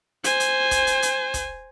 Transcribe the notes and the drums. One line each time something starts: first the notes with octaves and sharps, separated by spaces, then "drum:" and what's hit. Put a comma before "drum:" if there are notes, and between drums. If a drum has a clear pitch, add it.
C5 G#5, drum: hi-hat
drum: hi-hat
drum: kick, hi-hat
drum: hi-hat
drum: hi-hat
drum: kick, hi-hat